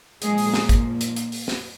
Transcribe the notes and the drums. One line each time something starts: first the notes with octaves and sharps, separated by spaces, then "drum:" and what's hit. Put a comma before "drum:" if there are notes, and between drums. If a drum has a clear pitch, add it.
A#2 F3 G#3 A#3 G#4, drum: hi-hat
drum: open hi-hat
drum: snare
drum: kick, hi-hat
drum: hi-hat
drum: hi-hat
drum: open hi-hat
drum: snare